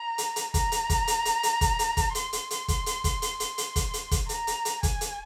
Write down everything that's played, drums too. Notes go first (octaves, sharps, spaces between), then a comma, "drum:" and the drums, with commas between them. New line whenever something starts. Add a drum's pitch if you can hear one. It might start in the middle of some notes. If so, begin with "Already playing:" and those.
Already playing: A#5
drum: hi-hat
drum: hi-hat
A#5, drum: kick, hi-hat
drum: hi-hat
drum: kick, hi-hat
drum: hi-hat
drum: hi-hat
drum: hi-hat
drum: kick, hi-hat
drum: hi-hat
drum: kick, hi-hat
C6, drum: hi-hat
drum: hi-hat
drum: hi-hat
drum: kick, hi-hat
drum: hi-hat
drum: kick, hi-hat
drum: hi-hat
drum: hi-hat
drum: hi-hat
drum: kick, hi-hat
drum: hi-hat
drum: kick, hi-hat
A#5, drum: hi-hat
drum: hi-hat
drum: hi-hat
G#5, drum: kick, hi-hat
drum: hi-hat